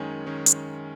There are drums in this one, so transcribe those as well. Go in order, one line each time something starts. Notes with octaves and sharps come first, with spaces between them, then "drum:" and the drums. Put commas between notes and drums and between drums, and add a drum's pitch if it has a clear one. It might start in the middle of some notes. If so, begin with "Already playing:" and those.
Already playing: F#2 D#3 G#3 C#4 G#5
D#3 G#3 C#4
drum: hi-hat